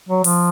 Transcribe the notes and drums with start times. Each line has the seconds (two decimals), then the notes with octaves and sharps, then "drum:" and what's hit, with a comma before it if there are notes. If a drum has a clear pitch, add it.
0.09 F#3
0.24 F3, drum: open hi-hat